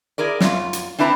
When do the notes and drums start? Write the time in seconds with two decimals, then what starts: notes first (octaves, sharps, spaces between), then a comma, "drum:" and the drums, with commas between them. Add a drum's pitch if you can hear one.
0.18 E4 G#4 A#4 D5
0.41 F#2 F4, drum: snare
0.73 drum: hi-hat
0.99 C4 D4 E4 B4 A5 A#5